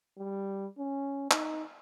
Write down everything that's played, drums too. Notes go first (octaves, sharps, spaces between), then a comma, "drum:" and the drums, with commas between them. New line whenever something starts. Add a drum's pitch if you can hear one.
G3
C#4
D#4, drum: clap